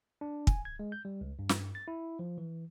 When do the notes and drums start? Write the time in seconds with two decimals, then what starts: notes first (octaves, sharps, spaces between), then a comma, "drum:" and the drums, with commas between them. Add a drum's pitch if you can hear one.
0.21 D4
0.47 G#5, drum: kick
0.65 G#6
0.79 G#3
0.92 G6
1.05 G3
1.21 C#2
1.39 G2
1.49 drum: snare
1.75 A6
1.88 E4
2.19 F3
2.38 E3